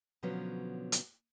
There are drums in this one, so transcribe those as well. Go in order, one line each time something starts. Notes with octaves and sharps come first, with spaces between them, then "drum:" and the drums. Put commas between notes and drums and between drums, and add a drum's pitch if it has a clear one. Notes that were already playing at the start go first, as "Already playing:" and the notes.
B2 D3 F3 F#3 B3 C#4
drum: hi-hat